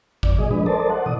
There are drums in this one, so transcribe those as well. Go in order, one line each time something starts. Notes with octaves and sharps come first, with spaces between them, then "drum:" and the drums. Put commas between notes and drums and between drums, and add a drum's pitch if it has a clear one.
F2 D5, drum: kick
A#2 F#3 G#4 D#5
F3 G#3 D4 B4 D#5
A4 A#4 C5 D5 D#5 A5
C5 F#5
B2 E3 D5 D#6